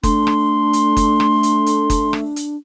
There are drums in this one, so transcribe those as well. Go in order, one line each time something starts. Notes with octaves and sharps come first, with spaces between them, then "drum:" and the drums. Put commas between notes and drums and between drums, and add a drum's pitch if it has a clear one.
A3 D4 C6, drum: kick F#1, hi-hat
drum: rim click
drum: hi-hat
drum: kick F#1, hi-hat
drum: rim click
drum: hi-hat
drum: hi-hat
drum: kick F#1, hi-hat
drum: rim click
drum: hi-hat